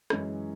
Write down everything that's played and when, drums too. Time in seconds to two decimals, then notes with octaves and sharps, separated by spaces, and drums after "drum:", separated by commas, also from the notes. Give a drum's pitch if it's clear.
0.10 F#2 E3 G#3 C#4 E4, drum: rim click